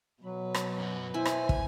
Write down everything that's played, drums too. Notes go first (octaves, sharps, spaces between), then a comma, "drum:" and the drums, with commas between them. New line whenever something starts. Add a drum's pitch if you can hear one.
B2 F#3 B4
drum: rim click
F#2 F#4
E4 C5 G#5
drum: rim click
drum: kick